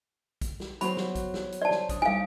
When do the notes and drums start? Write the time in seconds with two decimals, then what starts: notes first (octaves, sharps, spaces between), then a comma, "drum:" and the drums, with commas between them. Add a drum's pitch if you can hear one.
0.41 drum: kick, hi-hat
0.60 drum: snare
0.81 F#3 B3 C5 B5, drum: hi-hat
0.97 drum: snare
1.15 drum: kick, hi-hat
1.34 drum: snare
1.52 drum: hi-hat
1.62 C5 D5 A5
1.71 drum: snare
1.89 D4 D#6, drum: kick, hi-hat
2.02 G3 D#4 F5 G#5